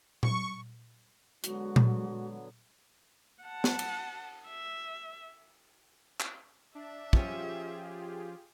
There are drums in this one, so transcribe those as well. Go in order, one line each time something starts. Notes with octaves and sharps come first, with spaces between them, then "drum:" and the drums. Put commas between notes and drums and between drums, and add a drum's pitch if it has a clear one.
C#6, drum: tom A#2
D3 F#3 G#3 B3 F#4, drum: hi-hat
drum: tom A#2
F#5 A5
drum: snare
drum: cymbal
E5
drum: clap
D4 E5
F3 C#4 F4 G4 G#4, drum: kick